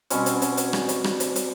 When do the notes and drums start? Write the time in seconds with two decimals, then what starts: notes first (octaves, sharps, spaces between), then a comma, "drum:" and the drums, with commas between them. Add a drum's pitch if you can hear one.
0.10 B2 G3 C4 C#4, drum: hi-hat
0.26 drum: hi-hat
0.42 drum: hi-hat
0.57 drum: hi-hat
0.73 drum: rim click
0.89 drum: hi-hat
1.04 drum: rim click
1.20 drum: hi-hat
1.36 drum: hi-hat